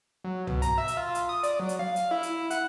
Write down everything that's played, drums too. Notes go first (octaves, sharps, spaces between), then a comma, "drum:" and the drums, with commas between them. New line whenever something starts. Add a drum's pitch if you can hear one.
F#3
B2, drum: tom
A#5, drum: hi-hat
E5
drum: hi-hat
F4
drum: hi-hat
D#6
D5, drum: hi-hat
F#3
drum: hi-hat
F5
drum: hi-hat
E4
drum: hi-hat
F#5, drum: hi-hat